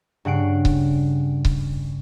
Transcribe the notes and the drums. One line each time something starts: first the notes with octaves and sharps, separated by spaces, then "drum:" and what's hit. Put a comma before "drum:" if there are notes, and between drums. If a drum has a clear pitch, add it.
G2 C#3 F#5 C7 D7
drum: kick C#1
drum: kick C#1